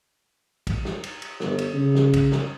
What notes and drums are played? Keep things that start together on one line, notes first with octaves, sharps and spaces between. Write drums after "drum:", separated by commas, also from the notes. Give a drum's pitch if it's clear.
drum: kick, cymbal
drum: snare
drum: cymbal
drum: cymbal
G1, drum: snare
drum: cymbal
C#3
drum: snare
drum: kick, cymbal
drum: snare